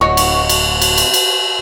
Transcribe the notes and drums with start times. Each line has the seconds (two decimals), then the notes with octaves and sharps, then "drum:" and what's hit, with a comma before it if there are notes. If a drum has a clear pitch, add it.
0.01 D1 F#4 C#5 D#5 C#6
0.17 drum: cymbal
0.49 drum: cymbal
0.82 drum: cymbal
0.98 drum: cymbal
1.14 drum: cymbal